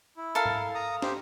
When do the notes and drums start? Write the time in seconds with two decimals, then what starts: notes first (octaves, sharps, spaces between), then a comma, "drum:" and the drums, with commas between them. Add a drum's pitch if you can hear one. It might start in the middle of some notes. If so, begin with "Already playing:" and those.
0.17 E4
0.35 A4 A#4 F5
0.45 drum: tom G#2
0.75 A#5 D#6
1.02 G4 C5, drum: snare